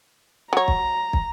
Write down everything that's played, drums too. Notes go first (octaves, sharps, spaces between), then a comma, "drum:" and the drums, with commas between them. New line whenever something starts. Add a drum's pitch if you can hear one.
F#3 C#5 A#5
drum: kick
drum: kick